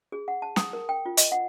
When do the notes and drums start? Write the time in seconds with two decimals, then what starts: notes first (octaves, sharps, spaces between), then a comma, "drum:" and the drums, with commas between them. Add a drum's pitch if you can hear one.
0.12 G#4
0.28 F#5
0.42 A5
0.56 D#6, drum: snare
0.73 A#4
0.89 G5
1.06 F4
1.17 D#5, drum: hi-hat
1.32 F#5